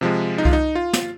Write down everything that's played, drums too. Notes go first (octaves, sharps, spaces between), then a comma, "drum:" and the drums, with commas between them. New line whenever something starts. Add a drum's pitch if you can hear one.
C3 F3 G#3
D#4
F4, drum: kick C2
D#4
F4
drum: snare